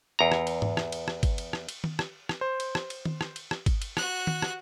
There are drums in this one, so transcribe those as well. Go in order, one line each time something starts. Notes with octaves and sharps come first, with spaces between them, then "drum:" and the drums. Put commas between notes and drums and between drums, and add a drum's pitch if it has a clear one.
E2 A#5
drum: rim click
drum: cymbal
drum: tom G#2
drum: rim click
drum: cymbal
drum: rim click
drum: kick, cymbal
drum: cymbal
drum: rim click
drum: cymbal
drum: tom D#3
drum: rim click
drum: rim click
C5
drum: cymbal
drum: rim click
drum: cymbal
drum: tom D#3
drum: rim click
drum: cymbal
drum: rim click
drum: kick, cymbal
drum: cymbal
F#4 F#6, drum: rim click
drum: tom D#3
drum: rim click